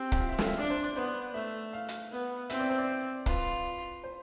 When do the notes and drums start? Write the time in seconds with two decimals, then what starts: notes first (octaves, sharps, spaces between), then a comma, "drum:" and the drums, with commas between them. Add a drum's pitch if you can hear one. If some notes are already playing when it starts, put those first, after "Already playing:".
Already playing: C4 G4
0.12 G4, drum: kick
0.20 F4
0.29 E5
0.38 F5, drum: snare
0.48 E5
0.58 D4 D5
0.70 C5
0.83 D5
0.96 B3 C5
1.34 A3 E5
1.73 F5
1.88 drum: hi-hat
2.11 B3
2.50 C4 E5, drum: hi-hat
2.60 D5
2.69 C5
2.78 D5
3.26 F4 B4, drum: kick
4.04 C5